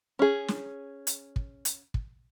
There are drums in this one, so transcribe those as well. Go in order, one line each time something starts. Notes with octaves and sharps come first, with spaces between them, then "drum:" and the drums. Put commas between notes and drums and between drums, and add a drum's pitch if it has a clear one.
C#4 G#4
drum: snare
drum: hi-hat
drum: kick
drum: hi-hat
drum: kick